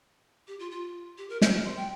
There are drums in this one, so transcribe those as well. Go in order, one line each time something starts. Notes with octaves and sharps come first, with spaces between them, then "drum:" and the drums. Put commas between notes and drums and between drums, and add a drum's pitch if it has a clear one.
G4
F4
F4
G4
A#4
C5, drum: snare
C6
G5